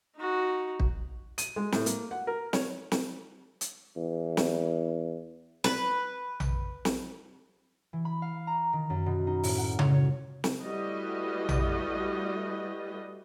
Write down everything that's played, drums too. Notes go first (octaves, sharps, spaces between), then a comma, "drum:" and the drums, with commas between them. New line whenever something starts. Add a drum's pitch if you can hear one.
D#4 F#4
drum: kick
D#7, drum: hi-hat
G#3
A2, drum: snare
A#3, drum: hi-hat
F#5
A#4
C#5, drum: snare
drum: snare
drum: hi-hat
E2
drum: snare
B4, drum: snare
drum: tom A#1
drum: snare
E3
B5
F5
A#5
D#3
F#2
B2
D#4
A2, drum: open hi-hat
F#5
C#5, drum: tom C#3
C#5
drum: snare
G3 A3 E4 F#4 B4 D#5
drum: tom A#1